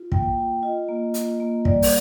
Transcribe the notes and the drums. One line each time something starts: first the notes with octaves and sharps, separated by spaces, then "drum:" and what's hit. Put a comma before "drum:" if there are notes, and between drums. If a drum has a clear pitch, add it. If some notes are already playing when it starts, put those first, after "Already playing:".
Already playing: F4
A#3 G5, drum: kick
F4
F4 D#5
A#3
F4, drum: hi-hat
A#3
G3 D5, drum: kick
drum: open hi-hat